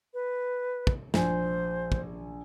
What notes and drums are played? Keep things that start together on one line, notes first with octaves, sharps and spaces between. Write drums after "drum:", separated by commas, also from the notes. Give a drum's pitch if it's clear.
B4
drum: kick
A#1 C5 G#5, drum: snare
drum: kick